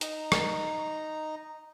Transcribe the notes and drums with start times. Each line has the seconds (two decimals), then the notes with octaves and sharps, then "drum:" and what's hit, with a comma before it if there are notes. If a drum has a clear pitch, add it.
0.01 D#4 A#5, drum: hi-hat
0.32 drum: rim click